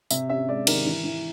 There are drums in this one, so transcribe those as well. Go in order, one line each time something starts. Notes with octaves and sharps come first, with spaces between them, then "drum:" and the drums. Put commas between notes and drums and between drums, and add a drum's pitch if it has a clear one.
C3 E5, drum: tambourine
C#4 E5
G#3 D5
D#3 A#4, drum: cymbal
E3
E3